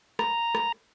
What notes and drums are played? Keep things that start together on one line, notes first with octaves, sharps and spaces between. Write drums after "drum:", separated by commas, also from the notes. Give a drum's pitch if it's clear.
A#5, drum: rim click
drum: rim click